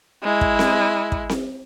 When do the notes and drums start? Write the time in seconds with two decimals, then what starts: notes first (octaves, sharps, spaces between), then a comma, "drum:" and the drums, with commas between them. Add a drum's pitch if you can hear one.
0.24 G#3 E4
0.41 drum: kick
0.59 drum: snare C4
1.12 drum: kick
1.29 drum: snare C4